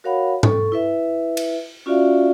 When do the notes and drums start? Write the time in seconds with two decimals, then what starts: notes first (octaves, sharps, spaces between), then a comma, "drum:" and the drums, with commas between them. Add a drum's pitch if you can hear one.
0.04 F#4 A#4 C#5 F5 F#5 B5
0.43 A4 C#6, drum: tom G#2
0.72 E4 B4 E5
1.37 drum: cymbal
1.86 C#4 F4 F#4 D5 E5 F5